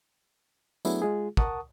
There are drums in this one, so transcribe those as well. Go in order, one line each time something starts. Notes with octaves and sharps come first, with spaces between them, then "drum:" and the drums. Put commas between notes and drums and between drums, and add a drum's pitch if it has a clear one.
F#3 A3 B3 D4 E4 G#4, drum: tambourine
G#3 F4 G#4
A#4 F#5 A5 C#6 D#6, drum: kick